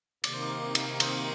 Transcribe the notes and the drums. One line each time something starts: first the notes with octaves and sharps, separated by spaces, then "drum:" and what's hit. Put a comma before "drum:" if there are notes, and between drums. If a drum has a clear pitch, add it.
C3 D#3 A#3 D5, drum: cymbal
C5
A#4 D5
drum: cymbal
C4 D#4, drum: cymbal